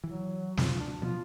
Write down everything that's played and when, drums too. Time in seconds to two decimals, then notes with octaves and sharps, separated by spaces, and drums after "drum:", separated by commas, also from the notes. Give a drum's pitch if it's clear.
0.04 E3 F#3
0.57 F2 F4, drum: snare
0.76 D2 D4
1.01 B2 F3 B3 F4